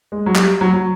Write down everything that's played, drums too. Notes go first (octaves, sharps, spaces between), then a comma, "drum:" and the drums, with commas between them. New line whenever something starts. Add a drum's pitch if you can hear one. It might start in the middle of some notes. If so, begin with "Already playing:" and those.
G#3
F#3
G3, drum: clap
F#3
F#3